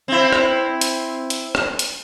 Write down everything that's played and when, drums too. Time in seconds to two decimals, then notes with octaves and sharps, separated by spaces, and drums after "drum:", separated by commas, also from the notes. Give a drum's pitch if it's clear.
0.08 C4 E4
0.33 drum: rim click
0.81 drum: hi-hat
1.30 drum: hi-hat
1.55 drum: rim click
1.79 drum: hi-hat